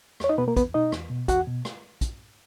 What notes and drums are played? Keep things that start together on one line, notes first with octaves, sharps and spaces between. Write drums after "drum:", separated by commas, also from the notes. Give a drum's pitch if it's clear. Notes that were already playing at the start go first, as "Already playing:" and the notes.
E2 C#5, drum: rim click
D#4 D#5
B2 B3 B4
A#3 A#4
E2 B3 B4, drum: kick, hi-hat
B2 D#4 D#5
E2, drum: rim click
B2
E2 F#4 F#5, drum: kick, hi-hat
B2
drum: rim click
drum: kick, hi-hat